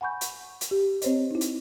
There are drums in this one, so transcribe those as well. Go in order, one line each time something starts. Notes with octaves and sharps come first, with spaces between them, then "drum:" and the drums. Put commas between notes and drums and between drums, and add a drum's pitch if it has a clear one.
F#5 G#5 B5 C#6 G6
drum: hi-hat
drum: hi-hat
G4
C4 C5 C#5 D#5, drum: hi-hat
D#4 E4
drum: hi-hat